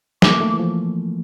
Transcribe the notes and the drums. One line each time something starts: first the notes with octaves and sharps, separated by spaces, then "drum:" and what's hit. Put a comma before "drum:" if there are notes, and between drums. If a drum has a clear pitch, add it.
A#3 D6, drum: snare
A3
E3
F3